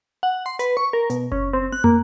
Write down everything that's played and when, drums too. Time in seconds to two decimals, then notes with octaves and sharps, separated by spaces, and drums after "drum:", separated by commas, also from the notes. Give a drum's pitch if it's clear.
0.23 F#5
0.46 C6
0.59 B4, drum: hi-hat
0.77 C#6
0.93 A#4
1.10 B2, drum: hi-hat
1.32 C#4, drum: kick F#1
1.53 C4
1.72 F#6
1.84 A#3, drum: tom